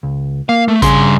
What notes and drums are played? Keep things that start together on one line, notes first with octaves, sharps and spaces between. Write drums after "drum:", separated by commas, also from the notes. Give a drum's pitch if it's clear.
C#2
A#3 F5
A3
G2 C#3 G#4 C6, drum: kick A1, hi-hat